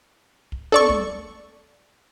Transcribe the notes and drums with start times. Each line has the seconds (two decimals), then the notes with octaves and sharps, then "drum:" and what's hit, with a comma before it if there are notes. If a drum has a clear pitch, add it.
0.52 drum: kick
0.72 A4 D5 C#6, drum: tom
0.89 drum: kick